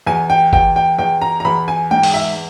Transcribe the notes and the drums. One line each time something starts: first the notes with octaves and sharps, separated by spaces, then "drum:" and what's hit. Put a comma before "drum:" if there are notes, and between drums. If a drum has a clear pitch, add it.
E2 G#5
G5
E2 G5, drum: kick G1
G5
E2 G5
A#5
A#5
E2 B5
G#5
G#2 G5
drum: open hi-hat
E5